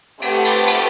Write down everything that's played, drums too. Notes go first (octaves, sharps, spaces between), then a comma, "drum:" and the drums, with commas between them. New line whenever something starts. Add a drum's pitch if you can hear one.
A3 C4 G4 B4 F#5, drum: cymbal
drum: cymbal
drum: cymbal